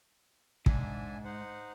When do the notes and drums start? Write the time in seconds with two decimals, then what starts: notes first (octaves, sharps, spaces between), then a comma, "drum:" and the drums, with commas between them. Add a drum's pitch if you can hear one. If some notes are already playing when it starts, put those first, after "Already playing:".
0.66 G#2 D4 E5 G#5, drum: kick
1.24 D#4 C5 F#5